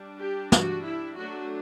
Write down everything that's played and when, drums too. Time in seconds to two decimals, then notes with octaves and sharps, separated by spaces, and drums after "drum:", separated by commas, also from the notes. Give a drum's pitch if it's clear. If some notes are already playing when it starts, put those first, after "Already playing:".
Already playing: G3 D4
0.20 G4
0.52 F#4, drum: snare
0.84 E4
1.15 F#3 A3 D4 F#4